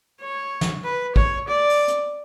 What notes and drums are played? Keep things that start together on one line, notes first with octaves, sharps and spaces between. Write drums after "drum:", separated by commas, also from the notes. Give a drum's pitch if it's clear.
C#5
drum: snare
B4
C#5, drum: kick
D5
drum: open hi-hat
drum: hi-hat